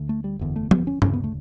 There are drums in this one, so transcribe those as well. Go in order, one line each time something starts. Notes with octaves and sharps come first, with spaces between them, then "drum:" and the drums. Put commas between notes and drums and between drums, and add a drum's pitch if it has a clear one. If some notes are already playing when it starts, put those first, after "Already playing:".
Already playing: D2 D3
A3
G3
F#1 E2 D3
A3
B3, drum: tom
C#4
E1 D2 C#3 C#4, drum: tom G2
B3
A3